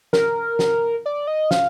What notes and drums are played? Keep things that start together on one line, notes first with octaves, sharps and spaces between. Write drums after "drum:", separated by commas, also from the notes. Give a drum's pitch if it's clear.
A#4, drum: snare
drum: snare
D5
D#5
F5, drum: snare